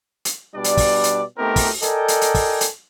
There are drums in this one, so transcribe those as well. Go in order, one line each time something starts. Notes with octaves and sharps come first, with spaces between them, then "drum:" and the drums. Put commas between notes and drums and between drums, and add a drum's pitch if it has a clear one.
drum: hi-hat
B2 G3 D4 D5
drum: hi-hat
drum: kick, open hi-hat
drum: hi-hat
A3 B3 C4 D#4 G4 A#4
drum: kick, open hi-hat
A4 A#4 D5 D#5 G5 G#5, drum: hi-hat
drum: hi-hat
drum: hi-hat
drum: kick, open hi-hat
drum: hi-hat